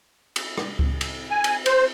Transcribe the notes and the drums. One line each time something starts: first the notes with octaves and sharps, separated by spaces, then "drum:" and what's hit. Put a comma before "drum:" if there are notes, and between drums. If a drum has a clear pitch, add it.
drum: cymbal
drum: rim click
drum: kick C#2
drum: cymbal
G#5
drum: cymbal
C5, drum: cymbal